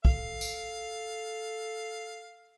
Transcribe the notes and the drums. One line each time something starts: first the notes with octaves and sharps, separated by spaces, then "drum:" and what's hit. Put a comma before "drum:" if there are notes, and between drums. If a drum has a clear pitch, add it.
A4 F5, drum: kick B1
drum: tambourine